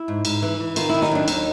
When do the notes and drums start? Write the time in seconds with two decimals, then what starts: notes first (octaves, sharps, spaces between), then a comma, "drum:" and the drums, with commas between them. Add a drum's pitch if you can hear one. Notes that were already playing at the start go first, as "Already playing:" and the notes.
Already playing: E4
0.08 G#2
0.25 G#2, drum: cymbal
0.42 E3
0.60 E3
0.76 D#3 F4, drum: cymbal
0.89 D#3 E4
1.02 D#4, drum: snare
1.11 F#3 D4
1.28 D#2 D#4, drum: cymbal